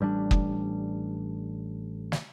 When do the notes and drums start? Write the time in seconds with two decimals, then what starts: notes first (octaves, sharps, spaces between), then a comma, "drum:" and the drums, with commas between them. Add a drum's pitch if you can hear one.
0.01 A1 G3 A#3 D4
0.31 drum: kick
2.12 drum: snare